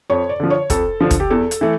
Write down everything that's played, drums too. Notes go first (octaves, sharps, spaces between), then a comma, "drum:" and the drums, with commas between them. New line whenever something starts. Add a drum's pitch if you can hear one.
F2 C#5
D5
D3 F3
C#5
F2 A4, drum: kick, hi-hat
D3 F3
drum: kick, hi-hat
G4
E2 A4
drum: hi-hat
E3 A3